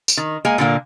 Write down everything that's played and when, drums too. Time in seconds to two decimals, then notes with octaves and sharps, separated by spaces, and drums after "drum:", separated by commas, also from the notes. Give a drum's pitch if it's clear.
0.08 drum: tambourine
0.17 D#3
0.45 G#3 A#3 G#5
0.58 A#2 D3 A#3